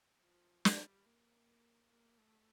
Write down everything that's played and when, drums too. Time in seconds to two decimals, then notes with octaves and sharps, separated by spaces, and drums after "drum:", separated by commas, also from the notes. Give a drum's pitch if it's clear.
0.21 F3
0.65 drum: snare
0.77 G3
1.05 A#3
1.90 A#3
2.18 A3